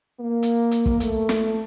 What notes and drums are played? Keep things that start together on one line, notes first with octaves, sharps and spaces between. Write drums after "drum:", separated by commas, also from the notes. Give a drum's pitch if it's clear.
A#3
drum: hi-hat
drum: hi-hat
drum: kick
A3, drum: hi-hat
drum: snare